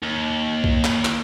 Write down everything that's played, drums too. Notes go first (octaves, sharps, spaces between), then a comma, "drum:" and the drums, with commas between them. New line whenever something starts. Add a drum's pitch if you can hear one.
D#2
drum: kick
drum: clap
drum: clap